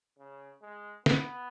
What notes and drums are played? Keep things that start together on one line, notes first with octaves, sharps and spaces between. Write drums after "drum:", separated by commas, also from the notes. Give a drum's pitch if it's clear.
C#3
G#3
B3, drum: snare